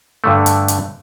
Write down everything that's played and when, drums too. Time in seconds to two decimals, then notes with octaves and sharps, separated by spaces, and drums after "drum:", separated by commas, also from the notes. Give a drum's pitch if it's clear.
0.24 G2 D3 A3
0.46 drum: hi-hat
0.68 drum: hi-hat